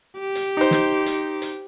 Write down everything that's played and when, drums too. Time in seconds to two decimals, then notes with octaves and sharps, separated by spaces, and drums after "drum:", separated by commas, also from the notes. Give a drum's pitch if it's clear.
0.18 G4
0.35 drum: hi-hat
0.57 D#4 C5
0.71 drum: snare
1.06 drum: hi-hat
1.42 drum: hi-hat